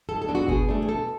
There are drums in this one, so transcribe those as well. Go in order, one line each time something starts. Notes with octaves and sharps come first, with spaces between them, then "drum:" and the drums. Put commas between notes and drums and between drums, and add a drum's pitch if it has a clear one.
G#2 A4
A4
G#3 B3 D4
F#4
B2 G#4, drum: kick G1
A3 D4
G#4
B2 A4